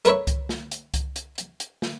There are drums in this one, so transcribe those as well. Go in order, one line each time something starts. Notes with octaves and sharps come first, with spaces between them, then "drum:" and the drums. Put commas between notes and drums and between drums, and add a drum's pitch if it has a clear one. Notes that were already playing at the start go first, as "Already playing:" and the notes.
A3 A#4 B4 C#5 E5, drum: hi-hat
drum: kick C2, hi-hat
drum: snare
drum: hi-hat
drum: kick C2, hi-hat
drum: hi-hat
drum: hi-hat
drum: hi-hat
drum: snare